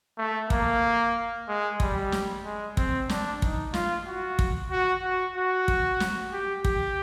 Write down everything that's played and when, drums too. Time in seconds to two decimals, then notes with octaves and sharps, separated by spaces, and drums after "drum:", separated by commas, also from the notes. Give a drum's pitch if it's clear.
0.18 A3
0.50 A#3, drum: kick
1.48 G#3
1.80 G3, drum: kick
2.12 drum: snare
2.44 G#3
2.77 C4, drum: kick
3.09 D4, drum: snare
3.42 D#4, drum: kick
3.74 F4, drum: snare
4.06 F#4
4.39 drum: kick
4.71 F#4
5.03 F#4
5.36 F#4
5.68 drum: kick
6.00 drum: snare
6.32 G4
6.64 G4, drum: kick